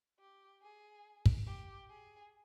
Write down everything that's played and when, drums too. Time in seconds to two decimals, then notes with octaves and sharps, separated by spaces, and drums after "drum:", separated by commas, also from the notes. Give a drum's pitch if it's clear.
0.19 G4
0.62 G#4
1.26 drum: kick
1.46 G4
1.90 G#4